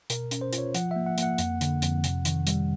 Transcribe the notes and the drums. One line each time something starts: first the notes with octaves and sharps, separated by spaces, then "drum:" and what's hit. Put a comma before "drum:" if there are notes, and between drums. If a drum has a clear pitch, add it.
B2 A#4, drum: hi-hat
C#4, drum: hi-hat
C5
F4, drum: hi-hat
C#5
F3 F#5, drum: hi-hat
A#3 E5
F#5
A#3 F#5, drum: hi-hat
F2, drum: hi-hat
D3, drum: hi-hat
F2, drum: hi-hat
C3, drum: hi-hat
D#3, drum: hi-hat
G3, drum: hi-hat